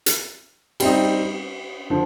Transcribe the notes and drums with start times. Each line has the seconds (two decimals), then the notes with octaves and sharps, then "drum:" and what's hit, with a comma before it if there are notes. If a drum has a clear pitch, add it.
0.06 drum: hi-hat
0.80 G3 C4 D#4, drum: cymbal
1.90 D3 F3